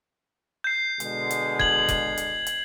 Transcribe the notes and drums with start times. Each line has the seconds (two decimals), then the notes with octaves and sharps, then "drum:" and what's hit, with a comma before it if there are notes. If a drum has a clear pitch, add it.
0.64 G6 C7
1.00 B2 D3 G#3, drum: hi-hat
1.30 drum: hi-hat
1.59 G#6 F#7, drum: kick F1
1.88 drum: kick F1, hi-hat
2.17 drum: hi-hat
2.46 drum: hi-hat